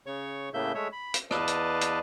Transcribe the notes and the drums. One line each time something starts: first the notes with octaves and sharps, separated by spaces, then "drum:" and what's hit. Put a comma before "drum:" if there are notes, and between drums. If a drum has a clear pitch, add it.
C#3 C#5 C#6
A2 C#3 A3 A#3 E5 G6
G#3 A3 C#5 E5
B5
drum: hi-hat
E2 B4 D5 D#5 F5 A5, drum: rim click
drum: hi-hat
drum: hi-hat